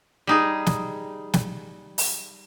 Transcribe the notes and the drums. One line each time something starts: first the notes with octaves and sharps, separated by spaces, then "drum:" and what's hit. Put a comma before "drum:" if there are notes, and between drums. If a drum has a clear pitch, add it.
G3 D#4 G#4
drum: snare
drum: snare
drum: open hi-hat